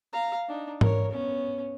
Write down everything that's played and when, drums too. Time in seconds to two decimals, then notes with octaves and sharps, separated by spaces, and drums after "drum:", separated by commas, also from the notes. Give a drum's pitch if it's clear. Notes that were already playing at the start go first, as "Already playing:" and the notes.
0.13 F5 A#5
0.48 D4 D#4
0.81 A#4 C#5, drum: tom G#2
1.11 B3 C#4